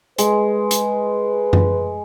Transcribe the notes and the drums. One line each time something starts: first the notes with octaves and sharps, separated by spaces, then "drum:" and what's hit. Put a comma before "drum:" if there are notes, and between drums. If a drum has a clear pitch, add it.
G#3 B4, drum: hi-hat
drum: hi-hat
drum: tom F#2